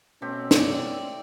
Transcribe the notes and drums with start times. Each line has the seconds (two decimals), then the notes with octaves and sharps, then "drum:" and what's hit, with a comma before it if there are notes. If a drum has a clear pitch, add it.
0.22 B2 A3 C4 C#4 G4
0.51 D5, drum: snare